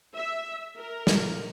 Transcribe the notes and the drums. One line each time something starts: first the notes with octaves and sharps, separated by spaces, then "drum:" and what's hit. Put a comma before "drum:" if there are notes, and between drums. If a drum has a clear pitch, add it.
E5
A#4
drum: snare